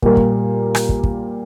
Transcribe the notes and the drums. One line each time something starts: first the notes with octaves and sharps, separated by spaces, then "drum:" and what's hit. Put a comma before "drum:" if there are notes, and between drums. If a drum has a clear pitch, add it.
A#2 G3 A#3, drum: kick
drum: kick
drum: rim click
drum: kick
drum: kick